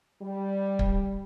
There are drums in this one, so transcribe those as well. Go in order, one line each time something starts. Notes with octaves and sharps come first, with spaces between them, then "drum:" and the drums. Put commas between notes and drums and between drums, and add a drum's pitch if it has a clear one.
G3
drum: kick